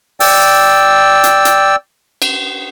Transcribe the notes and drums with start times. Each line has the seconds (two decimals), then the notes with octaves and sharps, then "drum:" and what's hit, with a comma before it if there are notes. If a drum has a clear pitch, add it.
0.20 D5 G5 E6, drum: open hi-hat
1.24 drum: hi-hat
1.45 drum: hi-hat
2.22 drum: cymbal